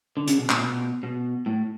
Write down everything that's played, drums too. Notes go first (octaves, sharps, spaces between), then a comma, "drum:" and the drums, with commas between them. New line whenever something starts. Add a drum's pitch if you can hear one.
D3
C#3, drum: hi-hat
B2
A#2, drum: clap
B2
B2
A2